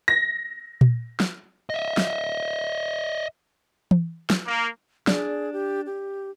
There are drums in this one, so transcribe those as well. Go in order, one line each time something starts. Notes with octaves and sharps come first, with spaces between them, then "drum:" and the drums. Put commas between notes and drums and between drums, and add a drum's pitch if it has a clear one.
A#6
drum: tom A#2
drum: snare
D#5 E5
drum: snare
drum: tom E3
drum: snare
A#3
D4 G#4, drum: snare
G4
G4